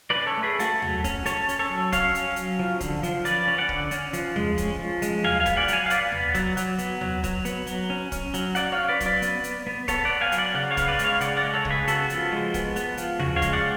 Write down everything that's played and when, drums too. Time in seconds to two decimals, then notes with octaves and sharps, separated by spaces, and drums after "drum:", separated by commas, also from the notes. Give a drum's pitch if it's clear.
0.10 B4 D5
0.16 C#4
0.26 A4 C#5
0.37 A3
0.43 G#4 B4
0.59 A3 F#4 A4, drum: hi-hat
0.82 F#3, drum: tom D#2
1.04 C#4, drum: kick, hi-hat
1.26 C#4 A4 C#5, drum: hi-hat
1.49 C#4, drum: hi-hat
1.59 A4 C#5
1.70 F#3
1.92 C#4 C#5 F5, drum: kick, hi-hat
2.15 C#4, drum: hi-hat
2.36 F#3, drum: hi-hat
2.59 F3
2.80 D3, drum: kick, hi-hat
3.03 F3, drum: hi-hat
3.25 C#4 B4 D5, drum: hi-hat
3.47 C#4
3.58 D5 F#5
3.69 D3, drum: kick
3.91 C#4, drum: hi-hat
4.13 F3, drum: hi-hat
4.36 G#3, drum: tom D#2
4.58 C#4, drum: kick, hi-hat
4.79 F3
5.02 G#3, drum: hi-hat
5.24 F#3 F5 G#5, drum: tom D#2
5.40 F5 G#5
5.46 B3, drum: kick, hi-hat
5.57 D5 F#5
5.68 F#3, drum: hi-hat
5.73 F5 G#5
5.86 F5
5.90 B3 D5 F#5, drum: hi-hat
6.12 B3, drum: tom D#2
6.35 F#3, drum: kick, hi-hat
6.57 F#3, drum: hi-hat
6.79 B3, drum: hi-hat
7.01 F#3, drum: tom D#2
7.24 F#3, drum: kick, hi-hat
7.45 B3, drum: hi-hat
7.67 F#3, drum: hi-hat
7.90 C#4
8.12 C#4, drum: kick, hi-hat
8.34 F#3, drum: hi-hat
8.55 F#3 D5 F#5, drum: hi-hat
8.72 C#5 F5
8.78 C#4
8.88 B4 D5
9.00 F#3, drum: kick, hi-hat
9.06 B4 D5
9.22 B3, drum: hi-hat
9.44 B3, drum: hi-hat
9.67 B3
9.88 B3 A4 C#5, drum: kick, hi-hat
10.05 B3 D5 F#5
10.21 F5 G#5
10.32 F#3, drum: hi-hat
10.38 D5 F#5
10.54 C#3 D5 F#5
10.71 C#5 F5
10.77 B3, drum: kick, hi-hat
10.88 B4 D5
10.99 G#3, drum: hi-hat
11.04 C#5 F5
11.21 C#3 D5 F#5, drum: hi-hat
11.37 D5 F#5
11.43 G#3
11.53 A4 C#5
11.65 C#3, drum: kick
11.70 G#4 B4
11.88 B3 F#4 A4, drum: hi-hat
12.09 F3, drum: hi-hat
12.32 G#3
12.54 B3, drum: kick, hi-hat
12.76 B3, drum: hi-hat
12.97 F3, drum: hi-hat
13.19 C#3 F#4, drum: tom D#2
13.36 C#5 F5
13.42 G#3, drum: kick, hi-hat
13.53 D5 F#5